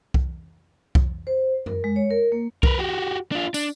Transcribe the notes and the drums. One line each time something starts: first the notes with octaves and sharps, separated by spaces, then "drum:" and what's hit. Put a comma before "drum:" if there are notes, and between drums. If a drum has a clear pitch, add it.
drum: kick C2
drum: kick C2
C5
A#4, drum: tom F#2
G#3
C#5
A#4
A#3
A#4 B4, drum: kick C2
F#4 G4
D4 F4
D4, drum: tambourine